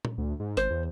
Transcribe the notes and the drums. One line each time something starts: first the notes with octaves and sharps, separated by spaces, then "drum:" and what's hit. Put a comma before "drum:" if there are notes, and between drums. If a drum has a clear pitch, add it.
drum: tom A#2
D2
G#2
G#1 C5, drum: hi-hat
E2